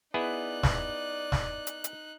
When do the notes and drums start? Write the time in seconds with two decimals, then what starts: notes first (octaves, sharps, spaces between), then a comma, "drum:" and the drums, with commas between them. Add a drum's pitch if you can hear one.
0.14 B3 D#4 E4 G#4 D5 F#6
0.63 drum: snare
1.32 drum: snare
1.67 drum: hi-hat
1.84 drum: hi-hat